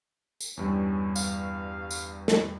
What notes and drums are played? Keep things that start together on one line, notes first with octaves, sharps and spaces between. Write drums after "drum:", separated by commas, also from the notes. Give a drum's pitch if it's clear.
drum: tambourine
E2 G2 G3 C#4
F5, drum: tambourine
drum: tambourine
drum: snare